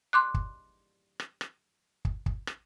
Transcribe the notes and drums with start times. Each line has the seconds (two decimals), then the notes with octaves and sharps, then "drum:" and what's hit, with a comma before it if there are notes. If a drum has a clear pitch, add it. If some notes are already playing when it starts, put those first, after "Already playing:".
0.13 C6 D6 F#6
0.34 drum: kick
1.20 drum: rim click
1.41 drum: rim click
2.05 drum: kick
2.26 drum: kick
2.47 drum: rim click